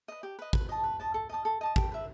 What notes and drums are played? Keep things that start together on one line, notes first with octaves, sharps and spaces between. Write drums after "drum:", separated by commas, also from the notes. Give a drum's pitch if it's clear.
B4 D#5
G4
B4 D#5
B4, drum: kick
D#5 A5
B4
D#5 A5
A4
D#5 A5 D#6
A4
D#5 A5 D#6
G4, drum: kick
B4 E5